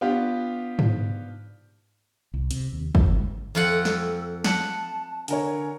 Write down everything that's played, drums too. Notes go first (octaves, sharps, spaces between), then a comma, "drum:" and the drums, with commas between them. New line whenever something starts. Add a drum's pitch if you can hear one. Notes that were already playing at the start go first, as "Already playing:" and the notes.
B3 D4 F4 G4
drum: tom G#2
C2
C3, drum: hi-hat
D#2
F2, drum: kick
G#2
F2 F4 A4 F#5
drum: snare
F#5 A5, drum: snare
D3 A#4 C#5 G#5, drum: hi-hat